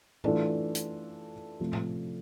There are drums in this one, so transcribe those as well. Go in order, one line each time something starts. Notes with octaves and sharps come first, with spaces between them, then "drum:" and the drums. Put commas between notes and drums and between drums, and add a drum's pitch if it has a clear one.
E3 A3 D4 F4 A4, drum: tom A2
drum: hi-hat
C3 F3 A3
drum: tom A2